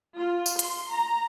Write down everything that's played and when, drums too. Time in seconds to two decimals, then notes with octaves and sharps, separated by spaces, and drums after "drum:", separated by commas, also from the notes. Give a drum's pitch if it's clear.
0.15 F4
0.46 drum: tambourine
0.59 C6, drum: hi-hat
0.91 A#5